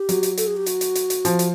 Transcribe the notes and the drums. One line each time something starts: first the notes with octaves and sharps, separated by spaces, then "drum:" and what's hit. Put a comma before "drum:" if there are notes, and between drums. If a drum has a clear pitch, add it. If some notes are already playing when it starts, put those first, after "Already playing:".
Already playing: G4
F#3, drum: hi-hat
drum: hi-hat
A4, drum: hi-hat
G#4
G4
F#4, drum: hi-hat
drum: hi-hat
drum: hi-hat
drum: hi-hat
F3, drum: hi-hat
drum: hi-hat